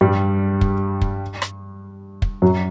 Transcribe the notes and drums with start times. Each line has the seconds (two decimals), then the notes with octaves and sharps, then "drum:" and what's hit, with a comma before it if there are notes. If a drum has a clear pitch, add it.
0.01 G2 G3
0.61 drum: kick
1.01 drum: kick
1.42 drum: rim click
2.22 drum: kick
2.42 F#2 F#3